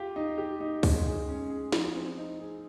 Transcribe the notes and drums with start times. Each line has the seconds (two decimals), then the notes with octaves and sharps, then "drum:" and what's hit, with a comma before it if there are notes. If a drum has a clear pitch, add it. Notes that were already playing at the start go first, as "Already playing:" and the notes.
Already playing: F4 G4
0.16 D#4
0.38 G4
0.61 D#4
0.83 G#3, drum: kick C#2, open hi-hat
1.06 G#4
1.28 C#4
1.50 G#4
1.72 F3, drum: snare
1.95 C4
2.17 D#4
2.40 G#4